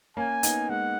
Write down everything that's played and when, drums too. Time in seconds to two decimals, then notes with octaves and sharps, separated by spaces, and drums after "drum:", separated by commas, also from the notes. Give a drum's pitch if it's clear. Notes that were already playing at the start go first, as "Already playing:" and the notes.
0.17 A#3 C#4 G#5
0.43 B3 D#4, drum: hi-hat
0.69 G#3 F#5